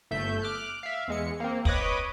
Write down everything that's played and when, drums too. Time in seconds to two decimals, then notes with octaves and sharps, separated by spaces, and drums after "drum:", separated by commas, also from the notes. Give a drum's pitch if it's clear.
0.11 G1 A3 E5 G6
0.42 D6 F6 F#6
0.83 E5 F5
1.08 E2 G#3 C#7
1.40 A#3 C4
1.65 B4 C#5 D#5 B5 D6 D#6, drum: kick